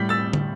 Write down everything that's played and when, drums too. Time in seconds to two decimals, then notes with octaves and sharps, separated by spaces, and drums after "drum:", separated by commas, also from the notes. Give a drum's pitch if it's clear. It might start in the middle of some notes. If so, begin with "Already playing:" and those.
Already playing: A2 G3 G6 B6
0.09 E6 A6
0.33 drum: tom